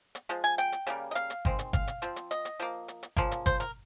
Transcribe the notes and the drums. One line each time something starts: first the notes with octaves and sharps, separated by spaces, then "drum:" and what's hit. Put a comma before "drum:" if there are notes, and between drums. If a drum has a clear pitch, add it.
drum: hi-hat
F3 G#3, drum: hi-hat
G#5
G5, drum: hi-hat
drum: hi-hat
C#3 G3 A#3, drum: hi-hat
D#5
F5, drum: hi-hat
drum: hi-hat
D#3 G#3 C4, drum: kick G1
drum: hi-hat
F5, drum: kick G1, hi-hat
drum: hi-hat
F3 C4, drum: hi-hat
drum: hi-hat
D#5, drum: hi-hat
drum: hi-hat
F3 A#3, drum: hi-hat
drum: hi-hat
drum: hi-hat
C#3 F3 A#3, drum: kick G1
drum: hi-hat
C5, drum: kick G1, hi-hat
A#4, drum: hi-hat